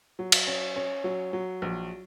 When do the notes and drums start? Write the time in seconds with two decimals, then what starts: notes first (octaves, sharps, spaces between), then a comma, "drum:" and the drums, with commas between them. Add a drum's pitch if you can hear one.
0.19 F#3
0.32 drum: cymbal
0.47 C#4
0.76 C#4
1.04 F#3
1.33 F#3
1.62 A#1